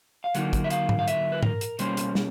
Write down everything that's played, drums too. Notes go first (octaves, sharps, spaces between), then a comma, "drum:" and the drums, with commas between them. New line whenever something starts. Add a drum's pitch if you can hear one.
F5
D3 F#3 A#3 D#4 F#5, drum: hi-hat
drum: kick, hi-hat
E5
F5, drum: hi-hat
drum: tom G#2
F5
E5, drum: hi-hat
B4
A#4, drum: tom G#2
drum: hi-hat
B2 G3 A#3 C#4 C5, drum: hi-hat
drum: hi-hat
drum: snare